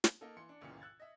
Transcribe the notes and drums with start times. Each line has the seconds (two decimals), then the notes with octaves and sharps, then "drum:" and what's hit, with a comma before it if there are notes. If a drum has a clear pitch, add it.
0.04 drum: snare
0.21 A#3 D#4 A4
0.37 E3 C6 C#7
0.49 D4
0.61 G1 C#2 A#2 C#3 E3 C#7
0.81 E6 F#6 G#6 A6
1.00 D#5 E5